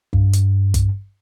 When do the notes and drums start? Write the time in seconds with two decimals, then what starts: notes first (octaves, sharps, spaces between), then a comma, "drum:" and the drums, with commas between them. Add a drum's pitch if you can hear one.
0.13 G2, drum: kick
0.33 drum: hi-hat
0.74 drum: kick, hi-hat